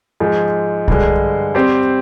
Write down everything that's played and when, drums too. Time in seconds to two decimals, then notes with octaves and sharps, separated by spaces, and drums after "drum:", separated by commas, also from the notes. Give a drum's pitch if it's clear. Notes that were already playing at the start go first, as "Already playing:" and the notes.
0.20 G#2 F3 G#3
0.88 G2 D3 G#3, drum: kick
1.55 G3 C4 G4 C5